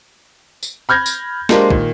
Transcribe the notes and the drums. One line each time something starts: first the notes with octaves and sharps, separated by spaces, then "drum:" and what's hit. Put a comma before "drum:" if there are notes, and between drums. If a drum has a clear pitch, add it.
drum: tambourine
B5 F6 G6 G#6 A#6
drum: tambourine
G#3 A#3 D4 G4 A#4 C5, drum: snare
A#2 D#3, drum: kick